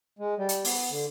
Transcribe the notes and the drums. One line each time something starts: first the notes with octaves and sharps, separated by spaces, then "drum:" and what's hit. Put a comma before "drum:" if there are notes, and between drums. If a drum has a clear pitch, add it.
G#3
G3
drum: hi-hat
B3, drum: open hi-hat
D3